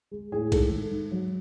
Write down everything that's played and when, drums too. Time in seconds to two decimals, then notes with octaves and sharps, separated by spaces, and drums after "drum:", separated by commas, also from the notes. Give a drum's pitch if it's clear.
0.11 G#3
0.32 A2 G#4
0.52 G#2 A4, drum: kick, cymbal
0.71 D#3
0.91 G#2
1.12 F#3